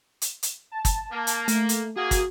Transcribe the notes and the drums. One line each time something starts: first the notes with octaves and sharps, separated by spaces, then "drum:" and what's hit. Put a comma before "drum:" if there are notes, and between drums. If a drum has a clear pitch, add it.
drum: hi-hat
drum: hi-hat
A5
drum: kick, hi-hat
A#3
drum: hi-hat
A3, drum: hi-hat
drum: hi-hat
A#3 F#4 G#4
drum: kick, hi-hat